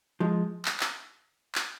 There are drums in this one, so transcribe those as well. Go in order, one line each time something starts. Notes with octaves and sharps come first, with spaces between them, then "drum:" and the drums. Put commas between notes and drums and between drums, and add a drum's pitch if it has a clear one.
F3 G#3
drum: clap
drum: clap
drum: clap